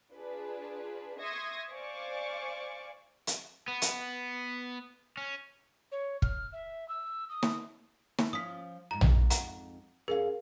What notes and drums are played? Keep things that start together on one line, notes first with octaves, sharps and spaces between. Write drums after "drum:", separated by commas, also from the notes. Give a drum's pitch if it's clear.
D4 F4 G#4 B4
E5 C6 C#6 D#6 G#6 A#6
C5 D5 F5 G#5 C#6 D6
drum: hi-hat
B3
drum: hi-hat
C#4
C#5
F6, drum: kick
E5
E6
D#6
drum: snare
drum: snare
F3 C#4 D#6 B6
F2 G#2 A#5
drum: tom A#1
F#5 A#5, drum: hi-hat
E2 C#4 G#4 A#4 F5